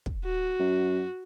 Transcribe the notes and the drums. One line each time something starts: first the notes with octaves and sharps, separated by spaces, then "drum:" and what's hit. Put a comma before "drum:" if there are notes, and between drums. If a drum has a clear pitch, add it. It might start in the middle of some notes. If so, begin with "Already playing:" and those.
drum: kick
F#4
F#2